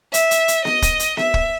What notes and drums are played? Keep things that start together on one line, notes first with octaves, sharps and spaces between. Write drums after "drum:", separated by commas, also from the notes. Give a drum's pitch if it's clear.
E5, drum: hi-hat
drum: hi-hat
drum: hi-hat
D#5, drum: snare B3
drum: kick, hi-hat
drum: hi-hat
E5, drum: snare B3
drum: kick